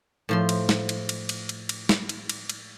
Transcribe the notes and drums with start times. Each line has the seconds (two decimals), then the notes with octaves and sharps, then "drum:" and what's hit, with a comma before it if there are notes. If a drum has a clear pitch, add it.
0.29 A2 F3 C6
0.49 drum: cymbal
0.69 drum: snare
0.89 drum: cymbal
1.09 drum: cymbal
1.29 drum: cymbal
1.49 drum: cymbal
1.69 drum: cymbal
1.89 drum: snare
2.09 drum: cymbal
2.29 drum: cymbal
2.49 drum: cymbal